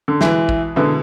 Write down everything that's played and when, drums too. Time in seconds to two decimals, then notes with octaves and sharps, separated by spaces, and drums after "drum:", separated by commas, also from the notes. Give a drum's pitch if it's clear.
0.08 D3
0.21 B2 E3 G#3 B3 E4 B4, drum: snare
0.49 drum: kick A1
0.76 B2 D3 G#3 B3 E4 B4